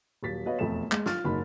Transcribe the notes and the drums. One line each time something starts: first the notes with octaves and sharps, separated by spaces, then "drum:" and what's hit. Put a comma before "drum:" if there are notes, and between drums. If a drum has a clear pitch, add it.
D#1 F#3 A6 B6
B3 F#4 B4 C#5 D#5 F5
E1 F2 A3 E7
G#3, drum: clap
F4 F6 A6, drum: snare
F#1 G#2 F#3 B5